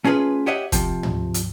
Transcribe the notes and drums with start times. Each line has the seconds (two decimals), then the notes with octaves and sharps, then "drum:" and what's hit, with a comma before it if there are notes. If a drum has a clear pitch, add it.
0.04 A3 C#4 F4 G#4 B4
0.46 G4 C#5 D#5 E5 F#5
0.72 C3 F3, drum: kick, hi-hat
1.03 drum: tom
1.34 drum: hi-hat